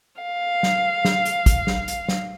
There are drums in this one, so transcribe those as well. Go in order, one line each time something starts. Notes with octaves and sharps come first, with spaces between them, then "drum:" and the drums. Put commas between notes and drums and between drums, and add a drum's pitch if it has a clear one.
F5
drum: snare
drum: snare
drum: hi-hat
drum: kick, hi-hat
drum: snare
drum: hi-hat
drum: snare